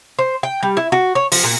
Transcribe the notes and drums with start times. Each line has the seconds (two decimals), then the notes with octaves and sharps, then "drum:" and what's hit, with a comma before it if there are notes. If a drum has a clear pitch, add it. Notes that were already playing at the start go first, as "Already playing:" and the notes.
0.19 C5
0.43 G5
0.63 G3
0.77 E4
0.92 F#4
1.15 C#5
1.32 F3, drum: open hi-hat
1.44 A#2